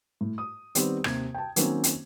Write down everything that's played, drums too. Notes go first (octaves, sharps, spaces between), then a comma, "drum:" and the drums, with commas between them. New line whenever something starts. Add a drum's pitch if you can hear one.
A2
D#6
D#3 G3 B3 C4 G4, drum: hi-hat
D#2 C3 G#6, drum: rim click
G5 A5
D#3 F#3 A#3 C4 C#4, drum: hi-hat
drum: hi-hat